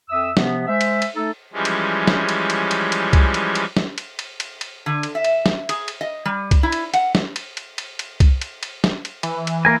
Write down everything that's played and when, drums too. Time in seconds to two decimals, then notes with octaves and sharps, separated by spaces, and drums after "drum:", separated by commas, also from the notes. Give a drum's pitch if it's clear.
0.09 F2 E5 D#6 E6
0.37 C3 F3 B3, drum: snare
0.67 G#3 C5 E5
0.81 drum: cymbal
1.02 drum: cymbal
1.15 A3 D#4 A4
1.53 E3 F3 G3 G#3 C#4
1.65 drum: cymbal
2.07 drum: snare
2.29 drum: cymbal
2.50 drum: cymbal
2.71 drum: cymbal
2.92 drum: cymbal
3.13 drum: kick C2, cymbal
3.34 drum: cymbal
3.55 drum: cymbal
3.77 drum: snare
3.98 drum: cymbal
4.19 drum: cymbal
4.40 drum: cymbal
4.61 drum: cymbal
4.86 D3
5.03 drum: cymbal
5.15 E5
5.24 drum: cymbal
5.46 drum: snare
5.69 G#4, drum: cymbal
5.88 drum: cymbal
6.01 D#5
6.26 G3
6.51 drum: kick C2, cymbal
6.63 E4
6.72 drum: cymbal
6.94 F#5, drum: cymbal
7.15 drum: snare
7.36 drum: cymbal
7.57 drum: cymbal
7.78 drum: cymbal
7.99 drum: cymbal
8.20 drum: kick C2, cymbal
8.41 drum: cymbal
8.63 drum: cymbal
8.84 drum: snare
9.05 drum: cymbal
9.23 E3, drum: cymbal
9.47 drum: cymbal
9.65 A#3 A#4 G#5